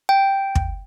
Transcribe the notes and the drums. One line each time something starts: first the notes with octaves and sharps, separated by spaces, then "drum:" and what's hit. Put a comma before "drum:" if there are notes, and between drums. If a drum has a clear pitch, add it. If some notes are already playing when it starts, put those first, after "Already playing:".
G5
drum: kick